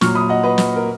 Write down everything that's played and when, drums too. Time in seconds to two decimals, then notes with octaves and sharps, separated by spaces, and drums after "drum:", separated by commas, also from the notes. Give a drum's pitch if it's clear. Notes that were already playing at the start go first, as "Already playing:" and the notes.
0.01 A#2 F#3 C#6 F6, drum: snare
0.15 B5 D#6
0.29 D#5 F#5
0.43 B4 D#5
0.58 drum: snare
0.76 A#4